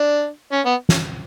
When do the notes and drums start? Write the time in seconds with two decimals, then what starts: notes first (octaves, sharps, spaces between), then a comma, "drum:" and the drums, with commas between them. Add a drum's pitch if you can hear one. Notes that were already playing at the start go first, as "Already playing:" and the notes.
Already playing: D4
0.52 C#4
0.65 B3
0.89 drum: snare